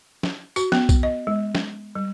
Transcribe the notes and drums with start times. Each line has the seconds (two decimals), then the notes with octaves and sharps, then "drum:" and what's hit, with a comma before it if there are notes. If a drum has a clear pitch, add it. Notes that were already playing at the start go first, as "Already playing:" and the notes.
0.23 drum: snare
0.56 F#4, drum: tambourine
0.72 B3, drum: snare
0.89 drum: kick B1, tambourine
1.03 D#5
1.27 G#3
1.55 drum: snare
1.95 G3